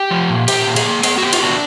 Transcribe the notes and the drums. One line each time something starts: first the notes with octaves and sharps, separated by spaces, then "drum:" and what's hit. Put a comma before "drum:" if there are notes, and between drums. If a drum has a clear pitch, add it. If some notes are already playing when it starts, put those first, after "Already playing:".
Already playing: G4
F3
A#2
A#2 G4, drum: cymbal
A#2
G#4, drum: cymbal
A#3
B3 G#4, drum: cymbal
F#4
B3 G4
F4, drum: cymbal
D4 F#4